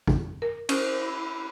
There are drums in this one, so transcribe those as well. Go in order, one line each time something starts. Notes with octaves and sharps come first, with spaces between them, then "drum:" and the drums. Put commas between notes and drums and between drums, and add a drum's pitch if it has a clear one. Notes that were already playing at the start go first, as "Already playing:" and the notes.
drum: kick
A#4
C#4 A#4 C5, drum: cymbal
E4 B5